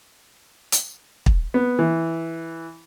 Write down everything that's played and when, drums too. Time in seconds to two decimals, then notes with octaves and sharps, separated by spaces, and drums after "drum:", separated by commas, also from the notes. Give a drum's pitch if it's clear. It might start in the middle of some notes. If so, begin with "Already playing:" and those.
0.72 drum: hi-hat
1.26 drum: kick
1.54 B3
1.79 E3